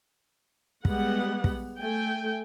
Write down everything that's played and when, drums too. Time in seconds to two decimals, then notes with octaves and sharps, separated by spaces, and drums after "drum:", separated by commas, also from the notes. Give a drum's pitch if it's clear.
0.85 G3 G#3 B3 F#5, drum: kick
1.44 drum: kick
1.79 A3 G5 G#5